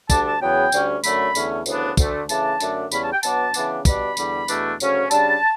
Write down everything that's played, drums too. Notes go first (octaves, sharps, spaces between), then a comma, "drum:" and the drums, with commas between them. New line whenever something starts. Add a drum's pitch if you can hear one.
D2 D3 G3 D4 A5, drum: kick, tambourine
A5
E2 C#3 F#3 B3 G5
D2 D3 G3 C#4, drum: tambourine
F#2 D3 F#3 A3 B5, drum: tambourine
E2 D3 A3 C#4, drum: tambourine
D2 C#3 E3 B3 D4, drum: tambourine
D2 D3 A3, drum: kick, tambourine
C#3 E3 A3 D4 A5, drum: tambourine
F#2 D3 A3 D4, drum: tambourine
E2 C#3 G3 C#4 B5, drum: tambourine
A5
G5
B2 F#3 B3 D4 A5, drum: tambourine
C#3 E3 B3 D4, drum: tambourine
B2 G3 D4 B5, drum: kick, tambourine
E2 D3 G3, drum: tambourine
E2 B2 A3 D4, drum: tambourine
D2 C#3 F#3 C#4, drum: tambourine
C#3 G3 D4 A5, drum: tambourine